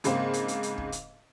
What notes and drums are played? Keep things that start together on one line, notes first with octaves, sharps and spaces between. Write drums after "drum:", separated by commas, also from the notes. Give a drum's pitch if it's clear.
G#2 C#3 A#3 C4, drum: hi-hat
drum: hi-hat
drum: hi-hat
drum: hi-hat
drum: kick
drum: hi-hat